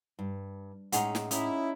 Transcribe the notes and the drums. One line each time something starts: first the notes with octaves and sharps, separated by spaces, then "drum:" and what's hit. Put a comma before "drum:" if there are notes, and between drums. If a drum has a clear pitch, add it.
G2
A2 G#3 C#4 D#4 F#5, drum: hi-hat
drum: snare
C#4 D#4 E4 D6 D#6, drum: hi-hat